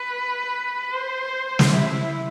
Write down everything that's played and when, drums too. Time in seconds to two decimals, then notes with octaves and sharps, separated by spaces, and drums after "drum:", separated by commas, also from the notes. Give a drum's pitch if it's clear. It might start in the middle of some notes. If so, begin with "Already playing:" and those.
Already playing: B4
0.91 C5
1.59 drum: snare
1.72 E4